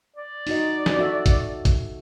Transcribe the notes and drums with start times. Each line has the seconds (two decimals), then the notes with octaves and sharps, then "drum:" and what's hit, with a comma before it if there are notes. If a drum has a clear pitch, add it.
0.17 D5
0.47 D#4 F#4 D#5, drum: open hi-hat
0.86 drum: snare
0.99 F#4 A4 E5
1.26 drum: kick, hi-hat
1.65 drum: kick, hi-hat